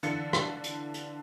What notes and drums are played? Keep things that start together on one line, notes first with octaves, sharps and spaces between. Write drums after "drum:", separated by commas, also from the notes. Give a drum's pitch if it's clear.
D3 E3 F5 A6 C#7, drum: hi-hat
drum: rim click
drum: hi-hat
drum: hi-hat